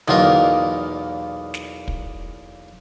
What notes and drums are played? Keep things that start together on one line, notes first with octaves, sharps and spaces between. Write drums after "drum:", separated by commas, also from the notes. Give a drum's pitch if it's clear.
B1 E2 A#2 F4 A#4 D#5, drum: tom D3
drum: snare
drum: kick